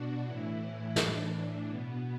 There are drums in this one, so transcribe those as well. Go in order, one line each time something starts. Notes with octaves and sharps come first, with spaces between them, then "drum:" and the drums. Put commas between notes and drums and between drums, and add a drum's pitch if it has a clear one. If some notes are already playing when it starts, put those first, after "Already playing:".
Already playing: B2 D4 F#4
A2 E3 E4
A2 E3 D4, drum: snare
B2 B3